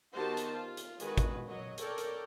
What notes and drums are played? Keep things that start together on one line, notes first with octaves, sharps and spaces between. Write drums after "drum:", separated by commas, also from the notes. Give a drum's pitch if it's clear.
D#3 B3 F#4 G4 C5 A5
drum: hi-hat
F4
drum: hi-hat
D#3 G#3 F#4 G#4 B4, drum: hi-hat
drum: kick G#1, hi-hat
F#3 C#5 D#5
A4 A#4 C#5 D5 G5, drum: hi-hat
drum: hi-hat